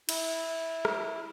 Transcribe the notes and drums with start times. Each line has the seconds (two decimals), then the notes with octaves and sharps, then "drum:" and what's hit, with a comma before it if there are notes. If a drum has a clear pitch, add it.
0.09 E4, drum: cymbal
0.85 drum: rim click